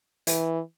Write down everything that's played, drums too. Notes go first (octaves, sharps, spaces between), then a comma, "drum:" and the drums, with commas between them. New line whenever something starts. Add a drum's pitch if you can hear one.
E3, drum: hi-hat